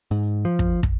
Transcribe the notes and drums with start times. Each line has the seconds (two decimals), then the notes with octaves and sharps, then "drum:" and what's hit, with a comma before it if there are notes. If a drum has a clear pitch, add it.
0.11 G#2
0.45 F3
0.59 drum: kick
0.83 drum: kick